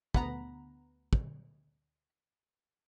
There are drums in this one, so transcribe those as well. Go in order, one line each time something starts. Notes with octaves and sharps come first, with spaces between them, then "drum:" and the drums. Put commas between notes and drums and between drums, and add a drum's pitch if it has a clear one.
D2 B3 F#5 A#5 B5, drum: kick
drum: kick